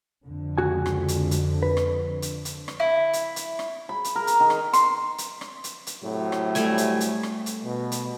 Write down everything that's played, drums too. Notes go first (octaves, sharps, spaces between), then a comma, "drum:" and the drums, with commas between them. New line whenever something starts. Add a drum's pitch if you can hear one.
F2 D3
C#2 F#4 G#5
drum: rim click
drum: hi-hat
drum: hi-hat
B4
drum: rim click
drum: hi-hat
drum: hi-hat
drum: rim click
E4
drum: hi-hat
drum: hi-hat
drum: rim click
B5
drum: hi-hat
A#4
drum: hi-hat
D#3
drum: rim click
C6, drum: hi-hat
drum: hi-hat
drum: rim click
drum: hi-hat
drum: hi-hat
A2 C3 F#3
drum: rim click
G3 A3 G#5, drum: hi-hat
drum: hi-hat
drum: hi-hat
drum: rim click
drum: hi-hat
B2
drum: hi-hat